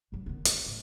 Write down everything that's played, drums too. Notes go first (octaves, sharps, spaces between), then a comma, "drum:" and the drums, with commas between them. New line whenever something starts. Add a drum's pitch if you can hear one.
B2 F#3
D#3 B3
C4, drum: hi-hat
A2